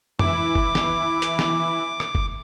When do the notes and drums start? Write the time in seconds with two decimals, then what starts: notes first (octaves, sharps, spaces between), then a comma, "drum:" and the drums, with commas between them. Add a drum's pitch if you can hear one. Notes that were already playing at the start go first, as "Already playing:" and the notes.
0.19 E3 E4 D6, drum: tom F2
0.55 drum: kick F#1
0.75 drum: snare
1.22 drum: hi-hat
1.39 drum: snare
2.00 drum: rim click
2.15 drum: kick F#1